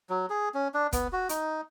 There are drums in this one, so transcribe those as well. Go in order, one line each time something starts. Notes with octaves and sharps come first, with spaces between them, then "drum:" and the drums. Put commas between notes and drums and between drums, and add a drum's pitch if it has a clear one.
F#3
G#4
C#4
D4
B3, drum: kick, hi-hat
F#4
D#4, drum: hi-hat